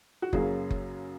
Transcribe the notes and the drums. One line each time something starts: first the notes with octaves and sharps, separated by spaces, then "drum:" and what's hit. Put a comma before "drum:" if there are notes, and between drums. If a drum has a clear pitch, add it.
F#4
F#2 C#3 F#3 A#3 G#4, drum: kick F#1
drum: kick F#1